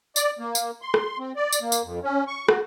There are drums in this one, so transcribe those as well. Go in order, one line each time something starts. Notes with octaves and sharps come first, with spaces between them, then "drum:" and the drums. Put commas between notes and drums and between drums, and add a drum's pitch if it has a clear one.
D5, drum: tambourine
A#3
drum: tambourine
C6
drum: rim click
C4
D5
drum: tambourine
A#3
drum: tambourine
F2
C#4
C#6
F#4, drum: rim click